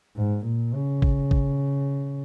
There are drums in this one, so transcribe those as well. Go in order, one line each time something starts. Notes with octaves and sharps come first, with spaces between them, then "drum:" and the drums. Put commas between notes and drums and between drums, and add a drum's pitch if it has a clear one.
G#2
A#2
C#3
drum: kick
drum: kick